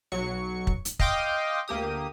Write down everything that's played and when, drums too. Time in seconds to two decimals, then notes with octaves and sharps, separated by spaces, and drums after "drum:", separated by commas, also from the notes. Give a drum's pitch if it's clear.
0.12 B1 F#3 C#6 C#7
0.67 drum: kick
0.85 drum: hi-hat
0.99 D#5 F5 G5 C6 D6 D#6, drum: kick
1.68 D2 A#3 G4 D#6